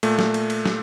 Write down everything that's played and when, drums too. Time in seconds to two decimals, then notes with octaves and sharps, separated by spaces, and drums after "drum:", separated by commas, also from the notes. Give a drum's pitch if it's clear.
0.03 A#2 A3, drum: cymbal
0.19 drum: snare
0.34 drum: cymbal
0.50 drum: cymbal
0.65 drum: snare